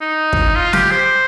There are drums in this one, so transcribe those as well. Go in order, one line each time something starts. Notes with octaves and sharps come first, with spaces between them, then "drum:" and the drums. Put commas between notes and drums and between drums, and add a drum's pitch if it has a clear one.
D#4
drum: kick
F4
G4, drum: snare
C5